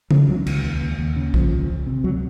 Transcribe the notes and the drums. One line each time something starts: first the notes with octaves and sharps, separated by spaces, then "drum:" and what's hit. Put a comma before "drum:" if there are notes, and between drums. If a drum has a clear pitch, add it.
C#3 F3, drum: tom C#3
C#2 F#3
C#2, drum: cymbal
D#2
D#2
D#2
C#3
C#2 F3, drum: kick A#1
C#2
C#2
C3
C#2 F#3